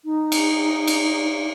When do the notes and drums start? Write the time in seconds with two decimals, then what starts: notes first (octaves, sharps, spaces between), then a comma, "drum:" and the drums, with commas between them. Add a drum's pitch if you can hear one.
0.05 D#4
0.32 drum: cymbal
0.87 drum: cymbal